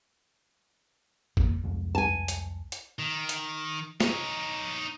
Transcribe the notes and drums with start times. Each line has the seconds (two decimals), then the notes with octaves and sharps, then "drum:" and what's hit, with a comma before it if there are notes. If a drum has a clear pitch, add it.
1.37 F2 A#3, drum: kick G#1
1.64 C2 F2 G#3
1.95 G#5 A5
2.28 drum: hi-hat
2.72 drum: hi-hat
2.99 D#3
3.29 drum: hi-hat
4.00 D#4 C#5, drum: snare